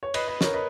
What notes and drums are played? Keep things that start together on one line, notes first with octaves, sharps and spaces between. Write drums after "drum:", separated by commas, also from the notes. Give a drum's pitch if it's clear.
C#5
B4 D#5, drum: cymbal
B4 D#5
A#4 C#5, drum: snare
B4 D#5